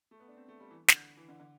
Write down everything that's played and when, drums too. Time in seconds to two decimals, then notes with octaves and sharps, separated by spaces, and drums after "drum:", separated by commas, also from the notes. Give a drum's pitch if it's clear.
0.11 A3
0.20 B3
0.28 D4
0.37 C4
0.48 A3
0.60 G3
0.71 E3
0.88 D3, drum: snare
1.17 E3
1.28 D3
1.39 D3